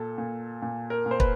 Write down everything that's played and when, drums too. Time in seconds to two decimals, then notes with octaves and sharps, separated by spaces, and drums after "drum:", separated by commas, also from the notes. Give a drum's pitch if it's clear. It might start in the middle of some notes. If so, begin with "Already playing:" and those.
Already playing: A#2 A4
0.18 A#2
0.62 A#2
0.90 A#4
1.06 A#2
1.11 C5
1.20 B4, drum: kick